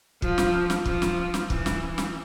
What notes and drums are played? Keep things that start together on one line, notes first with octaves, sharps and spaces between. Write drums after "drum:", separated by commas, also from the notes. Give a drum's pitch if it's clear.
F3, drum: kick
drum: snare
drum: snare
F3, drum: kick
drum: snare
drum: snare
E3, drum: kick
drum: snare
drum: snare